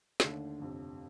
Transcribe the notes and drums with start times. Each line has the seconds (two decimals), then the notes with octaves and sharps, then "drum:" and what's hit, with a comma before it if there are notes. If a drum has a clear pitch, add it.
0.20 D#2 D3 A3 D4, drum: snare
0.59 G1 F2 C3